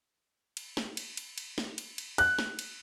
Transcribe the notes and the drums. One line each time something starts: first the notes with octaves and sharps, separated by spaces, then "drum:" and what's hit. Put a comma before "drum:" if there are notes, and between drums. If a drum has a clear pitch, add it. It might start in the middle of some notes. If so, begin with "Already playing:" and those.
drum: cymbal
drum: snare
drum: cymbal
drum: cymbal
drum: cymbal
drum: snare
drum: cymbal
drum: cymbal
F#6, drum: cymbal
drum: snare
drum: cymbal